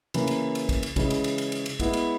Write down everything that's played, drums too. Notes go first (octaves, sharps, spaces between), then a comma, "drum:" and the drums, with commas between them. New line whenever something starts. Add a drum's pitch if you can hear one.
C#3 E3 A#3, drum: cymbal
drum: cymbal
drum: cymbal
drum: kick, cymbal
drum: cymbal
C#3 E3 G#3, drum: kick, cymbal
drum: cymbal
drum: cymbal
drum: cymbal
drum: cymbal
drum: cymbal
G#3 B3 E4 G#4, drum: kick, cymbal
drum: cymbal